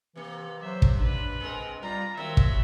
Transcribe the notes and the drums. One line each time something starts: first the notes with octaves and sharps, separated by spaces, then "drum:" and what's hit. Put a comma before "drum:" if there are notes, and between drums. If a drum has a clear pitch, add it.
C3 E3 A#3
F#3 C5 E5
drum: kick
D4 B4
G#3 C4 A#4
G3 F4 A#5
D#2 D#3 F#3 C4 E5
drum: kick